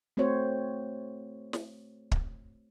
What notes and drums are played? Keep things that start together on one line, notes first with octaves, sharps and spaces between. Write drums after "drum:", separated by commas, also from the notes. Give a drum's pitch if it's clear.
A3 C4 F#4 C5 C#5
drum: snare
drum: kick